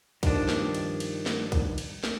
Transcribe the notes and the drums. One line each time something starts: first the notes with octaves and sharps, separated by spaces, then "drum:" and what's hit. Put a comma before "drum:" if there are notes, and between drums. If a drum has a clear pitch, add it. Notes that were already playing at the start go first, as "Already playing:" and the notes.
G2 D#3 F3 D4, drum: kick B1, cymbal
drum: snare
drum: cymbal
drum: cymbal
drum: snare
drum: kick B1, cymbal
drum: cymbal
drum: snare